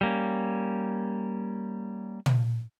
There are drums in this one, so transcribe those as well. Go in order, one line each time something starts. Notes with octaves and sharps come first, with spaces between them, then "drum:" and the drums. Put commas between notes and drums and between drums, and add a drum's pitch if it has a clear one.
G3 A#3 C#4
drum: tom